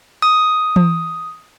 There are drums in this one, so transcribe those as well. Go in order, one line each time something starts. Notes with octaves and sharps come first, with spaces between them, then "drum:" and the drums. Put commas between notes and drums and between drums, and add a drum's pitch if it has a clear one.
D#6
drum: tom E3